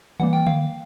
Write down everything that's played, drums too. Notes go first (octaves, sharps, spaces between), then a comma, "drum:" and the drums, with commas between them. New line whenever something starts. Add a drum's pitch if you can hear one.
E3 G3 A#3 F#5
G5
F5, drum: tom D3